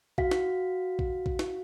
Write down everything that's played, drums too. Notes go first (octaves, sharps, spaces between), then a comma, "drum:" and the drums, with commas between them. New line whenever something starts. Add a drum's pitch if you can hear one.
F#4 F5 B6, drum: kick A#1
drum: snare
drum: kick A#1
drum: kick A#1
drum: snare